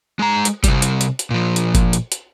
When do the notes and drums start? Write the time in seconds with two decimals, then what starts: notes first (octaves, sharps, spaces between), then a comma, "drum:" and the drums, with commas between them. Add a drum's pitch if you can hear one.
0.19 G#3 A#5
0.45 drum: hi-hat
0.64 C3 G3, drum: kick F#1, hi-hat
0.82 drum: hi-hat
1.01 drum: hi-hat
1.19 drum: hi-hat
1.30 A#2 F3
1.56 drum: hi-hat
1.75 drum: kick F#1, hi-hat
1.93 drum: hi-hat
2.12 drum: hi-hat